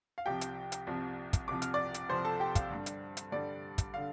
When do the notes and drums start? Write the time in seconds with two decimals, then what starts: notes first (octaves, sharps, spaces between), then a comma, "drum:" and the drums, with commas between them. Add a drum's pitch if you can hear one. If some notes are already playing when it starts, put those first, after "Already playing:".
0.18 F5
0.26 C2 C3 F3 G4 G5
0.41 drum: hi-hat
0.72 drum: hi-hat
0.87 C2 C3 F3
1.33 drum: kick, hi-hat
1.48 C2 C3 F3 D6
1.62 F6, drum: hi-hat
1.74 D5 D6
1.94 drum: hi-hat
2.09 C2 C3 F3 C5 C6
2.25 A4 A5
2.40 G4 G5
2.55 F5, drum: kick, hi-hat
2.70 G2 D3 G3
2.86 drum: hi-hat
3.17 drum: hi-hat
3.32 G2 D3 G3 D5
3.78 drum: kick, hi-hat
3.94 D3 F5